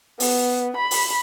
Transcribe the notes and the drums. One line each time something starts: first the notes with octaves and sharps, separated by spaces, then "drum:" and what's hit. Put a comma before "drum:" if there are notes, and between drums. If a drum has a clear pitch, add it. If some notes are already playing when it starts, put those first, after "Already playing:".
B3, drum: open hi-hat
B5
drum: open hi-hat